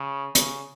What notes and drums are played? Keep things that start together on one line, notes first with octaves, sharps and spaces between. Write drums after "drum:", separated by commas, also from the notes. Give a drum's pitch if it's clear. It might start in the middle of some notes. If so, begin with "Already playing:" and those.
Already playing: C#3
C#3, drum: hi-hat